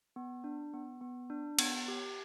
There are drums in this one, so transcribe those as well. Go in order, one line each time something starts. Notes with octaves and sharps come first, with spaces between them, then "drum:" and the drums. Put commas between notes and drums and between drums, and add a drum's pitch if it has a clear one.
B3
D4
B3
B3
D4
B3, drum: cymbal
G4